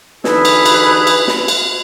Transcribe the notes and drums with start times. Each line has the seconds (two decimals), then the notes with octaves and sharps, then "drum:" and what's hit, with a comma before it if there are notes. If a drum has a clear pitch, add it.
0.24 D3 E3 D#4 G#4 A4 B4, drum: snare
0.45 drum: cymbal
0.66 drum: cymbal
1.07 drum: cymbal
1.28 drum: snare
1.48 drum: cymbal